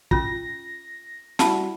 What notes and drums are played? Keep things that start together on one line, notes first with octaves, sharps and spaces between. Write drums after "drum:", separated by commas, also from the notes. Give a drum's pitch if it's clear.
C#4 F4 A#6, drum: kick
G3 E4 F#4 A5 B5, drum: snare